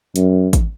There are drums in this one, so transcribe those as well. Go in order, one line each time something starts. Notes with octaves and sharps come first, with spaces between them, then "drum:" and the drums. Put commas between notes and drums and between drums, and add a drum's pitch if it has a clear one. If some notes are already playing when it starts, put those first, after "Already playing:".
F#2, drum: hi-hat
drum: kick, hi-hat